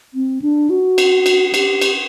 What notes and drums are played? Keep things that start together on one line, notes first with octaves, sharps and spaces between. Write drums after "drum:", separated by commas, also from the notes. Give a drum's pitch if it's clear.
C4
D4
F#4
drum: cymbal
drum: cymbal
G4, drum: cymbal
drum: cymbal